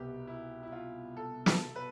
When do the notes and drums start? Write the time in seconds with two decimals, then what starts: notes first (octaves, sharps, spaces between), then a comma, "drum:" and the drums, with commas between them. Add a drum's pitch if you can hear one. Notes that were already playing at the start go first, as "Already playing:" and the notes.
Already playing: C2 B2 B3 G4
0.27 E4
0.63 E4
0.72 F4
1.17 A4
1.46 A4, drum: snare
1.76 B4